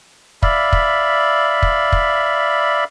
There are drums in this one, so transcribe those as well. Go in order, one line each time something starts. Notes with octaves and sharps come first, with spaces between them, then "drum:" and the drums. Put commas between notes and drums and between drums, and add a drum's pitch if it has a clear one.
D5 E5 F5 B5, drum: kick
drum: kick
drum: kick
drum: kick